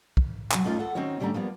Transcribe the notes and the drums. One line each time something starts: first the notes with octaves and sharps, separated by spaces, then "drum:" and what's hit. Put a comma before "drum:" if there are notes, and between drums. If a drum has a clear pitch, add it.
drum: kick
C3 E3 F#3, drum: clap
A3 C#4 D#4 F4
A4 F#5
D#3 C4 C#4 D#4 F#4 C#5
G#2 D3 G3 A3 C#4 A#5
F3 G3 A#3 B3